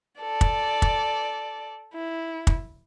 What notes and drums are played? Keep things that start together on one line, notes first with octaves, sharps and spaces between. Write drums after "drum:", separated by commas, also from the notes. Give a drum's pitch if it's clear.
A4 D5
drum: kick
drum: kick
E4
drum: kick